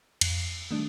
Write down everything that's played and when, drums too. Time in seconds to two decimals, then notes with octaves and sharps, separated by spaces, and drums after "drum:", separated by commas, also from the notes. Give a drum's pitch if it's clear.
0.21 F2, drum: cymbal
0.71 D#3 F#3 G3 A3 D4